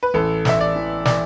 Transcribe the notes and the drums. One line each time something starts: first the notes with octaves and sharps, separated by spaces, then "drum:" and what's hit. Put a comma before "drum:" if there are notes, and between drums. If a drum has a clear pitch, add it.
B4
A1 A4
A1 E5, drum: snare
D5
E3
E3 D5, drum: snare